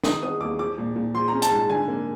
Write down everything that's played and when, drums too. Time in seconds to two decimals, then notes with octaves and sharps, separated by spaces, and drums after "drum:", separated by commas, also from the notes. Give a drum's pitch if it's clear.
0.04 D#3 D#6, drum: snare
0.23 B3 D#6
0.40 D#2 D6
0.59 F3 D6
0.78 A#2
0.96 A#2
1.14 F3 C6
1.28 C#4 A#5
1.42 A5, drum: hi-hat
1.51 G#2
1.56 A5
1.70 D3 G#5
1.88 A#3